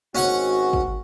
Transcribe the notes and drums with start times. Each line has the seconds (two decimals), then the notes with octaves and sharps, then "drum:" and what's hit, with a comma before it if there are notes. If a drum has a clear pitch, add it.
0.15 G#1 C#4 F#4 F#5 C#6
0.73 drum: kick